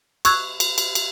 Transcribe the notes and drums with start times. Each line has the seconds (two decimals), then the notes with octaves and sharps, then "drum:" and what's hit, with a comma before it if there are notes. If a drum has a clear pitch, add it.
0.25 C#6 E6 F#6 G#6, drum: cymbal
0.60 drum: cymbal
0.78 drum: cymbal
0.95 drum: cymbal